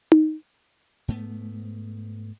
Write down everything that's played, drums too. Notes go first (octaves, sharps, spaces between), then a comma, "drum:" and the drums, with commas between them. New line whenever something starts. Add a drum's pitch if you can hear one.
drum: tom D#4
G#2 A3 B3